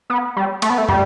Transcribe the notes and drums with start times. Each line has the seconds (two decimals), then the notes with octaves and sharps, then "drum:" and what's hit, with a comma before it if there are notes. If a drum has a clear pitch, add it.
0.10 B3
0.36 G3
0.62 A3, drum: cymbal
0.70 B3
0.78 A3
0.89 G3, drum: tom